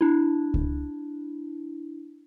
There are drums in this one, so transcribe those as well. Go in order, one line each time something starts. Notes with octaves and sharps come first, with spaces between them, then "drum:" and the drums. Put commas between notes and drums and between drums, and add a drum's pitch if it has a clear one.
D4 E4
drum: kick C#2